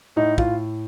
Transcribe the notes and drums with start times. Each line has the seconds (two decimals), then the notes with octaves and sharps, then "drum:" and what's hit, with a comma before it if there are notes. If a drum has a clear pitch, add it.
0.16 A2 D#4
0.38 A2 F4, drum: kick